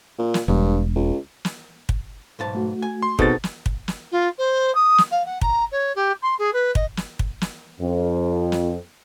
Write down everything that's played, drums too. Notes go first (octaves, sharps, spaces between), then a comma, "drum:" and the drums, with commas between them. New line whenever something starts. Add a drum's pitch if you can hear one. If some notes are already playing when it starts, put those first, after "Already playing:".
A#2
drum: snare
E1 G2
C#2
drum: snare
drum: kick
B1 G#2 A5
A3 F#4
G#5
C6
B2 C4 D#4 G#4 A4 B4 A6, drum: kick
drum: snare
drum: kick
drum: snare
F4
C5
D#6
drum: snare
F5
F#5
A#5, drum: kick
C#5
G4
C6
G#4
B4
D#5, drum: kick
drum: snare
drum: kick
drum: snare
F2
drum: snare